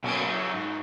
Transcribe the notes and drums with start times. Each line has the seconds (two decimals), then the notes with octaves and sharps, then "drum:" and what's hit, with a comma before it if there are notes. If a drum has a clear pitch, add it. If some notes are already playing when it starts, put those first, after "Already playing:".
0.04 F#2 B2 F#3 A#3, drum: cymbal
0.29 C#4 E4
0.54 G#2